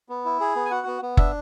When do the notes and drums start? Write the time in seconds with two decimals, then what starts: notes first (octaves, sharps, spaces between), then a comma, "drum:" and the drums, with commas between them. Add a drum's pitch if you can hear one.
0.09 B3
0.25 E4
0.40 G#4
0.56 B3
0.65 G#5
0.71 F#4 F#5
0.87 B3
1.02 B3
1.17 D4 E5, drum: kick F#1